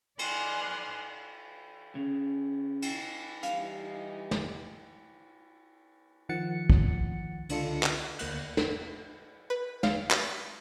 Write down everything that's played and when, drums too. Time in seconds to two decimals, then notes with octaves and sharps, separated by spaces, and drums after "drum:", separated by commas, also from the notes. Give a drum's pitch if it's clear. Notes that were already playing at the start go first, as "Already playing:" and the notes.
0.19 D5 G#5 C6 F6 F#6, drum: cymbal
1.95 C#3
2.82 drum: cymbal
3.43 E3 G3 D#4 F5, drum: hi-hat
4.31 drum: snare
6.29 D#3 F3 F#5 A6 C#7
6.70 drum: kick
7.49 C#2 D3 D4 F4 A4 C#7, drum: cymbal
7.83 drum: clap
8.19 D2 A#3 F#6, drum: cymbal
8.57 drum: snare
9.50 B4
9.83 F5, drum: snare
10.11 B5, drum: clap